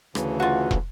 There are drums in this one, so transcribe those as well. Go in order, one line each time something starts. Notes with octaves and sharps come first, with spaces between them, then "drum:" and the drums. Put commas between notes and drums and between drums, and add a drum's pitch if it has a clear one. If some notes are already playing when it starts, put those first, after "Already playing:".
D2 C#3 E3, drum: rim click
F4 F#4
drum: kick